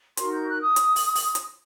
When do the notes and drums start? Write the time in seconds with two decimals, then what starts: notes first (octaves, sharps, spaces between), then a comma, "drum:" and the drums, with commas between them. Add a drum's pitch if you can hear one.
0.17 D#4 F#4 A#4 C6, drum: hi-hat
0.33 G6
0.47 F#6
0.61 D#6
0.76 drum: hi-hat
0.96 drum: open hi-hat
1.15 drum: open hi-hat
1.35 drum: hi-hat